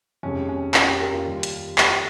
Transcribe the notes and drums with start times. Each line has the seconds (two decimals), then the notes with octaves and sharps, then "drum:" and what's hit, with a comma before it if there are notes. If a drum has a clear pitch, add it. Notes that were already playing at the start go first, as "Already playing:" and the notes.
0.23 F2 C3 D#3 G#3 C#4
0.49 C#4
0.74 C#4, drum: clap
0.88 G4
1.00 A#4
1.13 F4
1.26 D#2 D#3 G3
1.43 drum: hi-hat
1.78 G4, drum: clap